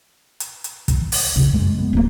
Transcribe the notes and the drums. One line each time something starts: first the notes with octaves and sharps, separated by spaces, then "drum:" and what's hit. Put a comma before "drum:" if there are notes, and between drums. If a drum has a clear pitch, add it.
drum: hi-hat
drum: hi-hat
drum: kick, hi-hat
drum: open hi-hat
C#3, drum: kick
F#2 G#3
B3
D1 A#3